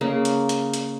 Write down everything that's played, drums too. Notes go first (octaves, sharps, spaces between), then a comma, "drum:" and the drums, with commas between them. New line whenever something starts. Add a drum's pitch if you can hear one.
C#3 A#3
drum: hi-hat
drum: hi-hat
drum: hi-hat